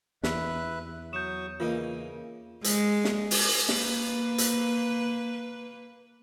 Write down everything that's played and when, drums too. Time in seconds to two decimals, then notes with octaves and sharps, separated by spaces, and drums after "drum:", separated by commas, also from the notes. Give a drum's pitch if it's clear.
0.24 E2 B4 E5 F#6, drum: snare
1.13 F#3 C#6 D#6 G6 E7
1.60 C#3 E3 A#3 D#4 F4 B4
2.64 G#3, drum: hi-hat
3.05 drum: snare
3.31 drum: open hi-hat
3.69 A#3 B4, drum: snare
4.38 drum: hi-hat